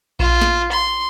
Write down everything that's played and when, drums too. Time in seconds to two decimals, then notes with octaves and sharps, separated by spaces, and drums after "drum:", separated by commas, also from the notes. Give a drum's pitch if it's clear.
0.19 F4, drum: kick A#1
0.41 drum: snare
0.72 C6